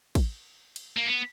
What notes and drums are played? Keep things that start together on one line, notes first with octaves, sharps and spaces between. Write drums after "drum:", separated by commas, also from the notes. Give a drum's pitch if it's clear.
drum: kick, cymbal
drum: cymbal
A#3
B3